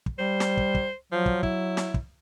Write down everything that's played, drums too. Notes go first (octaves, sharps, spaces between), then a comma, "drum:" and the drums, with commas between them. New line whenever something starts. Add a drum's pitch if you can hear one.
drum: kick
G3 C5
drum: snare
drum: kick
drum: kick
F3 F#3
drum: kick
E4, drum: kick
drum: snare
drum: kick